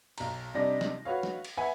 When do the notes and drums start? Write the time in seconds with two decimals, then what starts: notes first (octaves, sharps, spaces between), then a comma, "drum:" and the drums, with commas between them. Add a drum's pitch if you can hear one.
0.18 B1 A#5, drum: cymbal
0.54 C3 G3 D4 D#4 A#6
0.81 drum: snare
1.05 F#4 B4 C#5 F5
1.23 drum: snare
1.45 drum: cymbal
1.57 B4 E5 F#5 G#5